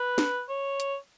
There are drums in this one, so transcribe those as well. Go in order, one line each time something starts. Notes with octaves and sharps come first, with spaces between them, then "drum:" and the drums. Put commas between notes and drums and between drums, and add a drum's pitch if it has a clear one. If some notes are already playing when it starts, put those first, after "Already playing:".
Already playing: B4
drum: snare
C#5
drum: hi-hat